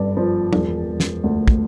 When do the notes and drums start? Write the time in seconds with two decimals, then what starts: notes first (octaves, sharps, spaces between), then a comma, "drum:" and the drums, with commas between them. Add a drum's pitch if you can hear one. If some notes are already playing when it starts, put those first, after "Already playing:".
Already playing: G1 G2 D5
0.17 F3
0.53 E1, drum: tom
0.88 E1
1.00 drum: snare
1.24 D2
1.48 drum: kick